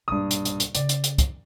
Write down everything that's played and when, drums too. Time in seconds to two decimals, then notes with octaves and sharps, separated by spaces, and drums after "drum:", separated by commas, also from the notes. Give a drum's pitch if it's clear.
0.08 B1 G2 A#2 D#6
0.31 drum: hi-hat
0.45 drum: hi-hat
0.60 drum: hi-hat
0.75 C#3 C#4 D5, drum: hi-hat
0.89 drum: hi-hat
1.04 drum: hi-hat
1.18 drum: kick, hi-hat